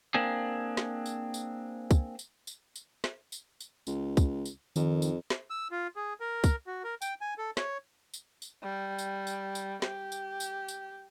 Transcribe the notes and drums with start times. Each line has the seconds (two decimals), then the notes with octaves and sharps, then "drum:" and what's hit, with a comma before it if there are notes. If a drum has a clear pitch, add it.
0.14 A#3 C4 D4 G#4
0.77 drum: snare
1.06 drum: tambourine
1.34 drum: tambourine
1.91 drum: kick, tambourine
2.19 drum: tambourine
2.47 drum: tambourine
2.76 drum: tambourine
3.04 drum: snare
3.32 drum: tambourine
3.60 drum: tambourine
3.87 C#2, drum: tambourine
4.17 drum: kick, tambourine
4.45 drum: tambourine
4.76 F2 D#3, drum: tambourine
5.02 drum: tambourine
5.30 drum: snare
5.50 E6
5.71 F4
5.96 G#4
6.20 A#4
6.44 drum: kick, tambourine
6.67 F#4
6.84 A#4
7.02 G5, drum: tambourine
7.21 G#5
7.38 A4
7.57 C#5, drum: snare
8.14 drum: tambourine
8.42 drum: tambourine
8.63 G3
8.99 drum: tambourine
9.27 drum: tambourine
9.55 drum: tambourine
9.82 G4, drum: snare
10.12 drum: tambourine
10.40 drum: tambourine
10.68 drum: tambourine